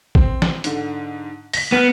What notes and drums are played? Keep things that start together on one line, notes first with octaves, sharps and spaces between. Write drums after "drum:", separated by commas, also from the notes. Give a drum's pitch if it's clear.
C4, drum: kick
drum: snare
G#2 D3, drum: hi-hat
A#6 B6, drum: open hi-hat
B3 F6 F#6 B6